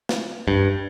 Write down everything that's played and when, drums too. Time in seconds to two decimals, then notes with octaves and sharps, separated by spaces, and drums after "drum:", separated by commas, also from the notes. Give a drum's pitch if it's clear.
0.09 drum: snare
0.48 G2